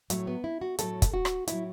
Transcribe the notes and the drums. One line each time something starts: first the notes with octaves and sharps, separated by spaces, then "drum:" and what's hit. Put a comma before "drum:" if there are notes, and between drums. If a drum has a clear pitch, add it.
A2 F#3 A3, drum: hi-hat
B3
E4
F#4
A2 F#3 A4, drum: hi-hat
drum: kick, hi-hat
F#4
drum: rim click
A2 F#3 E4, drum: hi-hat